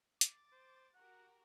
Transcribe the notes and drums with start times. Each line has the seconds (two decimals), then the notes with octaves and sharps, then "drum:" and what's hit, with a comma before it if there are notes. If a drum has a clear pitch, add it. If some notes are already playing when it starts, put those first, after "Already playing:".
0.21 D6 A6, drum: hi-hat
0.52 C5
0.94 F#4 G4 A#4 F#5